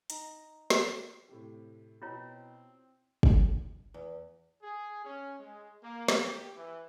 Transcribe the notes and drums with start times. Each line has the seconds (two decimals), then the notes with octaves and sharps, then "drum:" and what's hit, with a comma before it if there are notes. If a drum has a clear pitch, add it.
0.10 D#4 A#5, drum: hi-hat
0.70 drum: snare
1.29 A2 C3 G4
2.02 B2 C4 E4 F4 C#5
3.23 drum: kick
3.94 E2
4.62 G#4
5.05 C#4
5.39 G#3
5.81 A#3
6.08 drum: snare
6.25 G4
6.56 E3